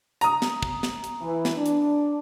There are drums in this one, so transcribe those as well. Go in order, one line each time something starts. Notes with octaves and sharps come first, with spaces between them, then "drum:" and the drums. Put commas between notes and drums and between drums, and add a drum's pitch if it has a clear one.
A#5 D#6, drum: hi-hat
drum: snare
drum: kick
drum: snare
drum: hi-hat
E3
drum: snare
D4
drum: hi-hat